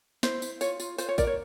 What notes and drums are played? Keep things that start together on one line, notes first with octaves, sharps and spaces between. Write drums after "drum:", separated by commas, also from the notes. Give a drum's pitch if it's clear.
E4 C5, drum: snare
E4, drum: tambourine
F4 C#5, drum: tambourine
F4, drum: tambourine
F4 C5, drum: tambourine
C#5
A#4 D5, drum: kick, tambourine
C#5